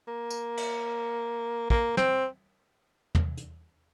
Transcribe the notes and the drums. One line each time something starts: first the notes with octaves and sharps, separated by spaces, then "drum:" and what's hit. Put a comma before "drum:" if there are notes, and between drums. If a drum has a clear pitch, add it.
A#3
drum: tambourine
drum: cymbal
A#3, drum: kick
C4, drum: snare
drum: tom
drum: hi-hat